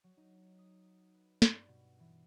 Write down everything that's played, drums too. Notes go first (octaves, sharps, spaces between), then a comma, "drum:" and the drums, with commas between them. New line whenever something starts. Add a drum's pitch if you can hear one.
F#3
D#4
D#6
B4
G2, drum: snare
B2
E3